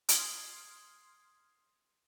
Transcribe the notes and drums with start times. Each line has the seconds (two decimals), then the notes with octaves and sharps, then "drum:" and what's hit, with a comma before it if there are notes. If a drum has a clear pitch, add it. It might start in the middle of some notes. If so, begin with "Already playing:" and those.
0.09 C6 D#6 F6 G#6 C7, drum: hi-hat